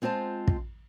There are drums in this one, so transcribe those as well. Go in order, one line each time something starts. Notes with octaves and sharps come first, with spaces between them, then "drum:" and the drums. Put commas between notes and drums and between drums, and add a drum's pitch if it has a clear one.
G#3 C4 F4 C5 A5
drum: kick